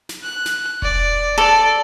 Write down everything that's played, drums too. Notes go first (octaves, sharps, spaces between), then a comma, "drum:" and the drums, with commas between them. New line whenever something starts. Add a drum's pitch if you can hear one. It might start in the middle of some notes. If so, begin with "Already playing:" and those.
drum: snare
F#6
drum: snare
D5, drum: kick E1
A4 D5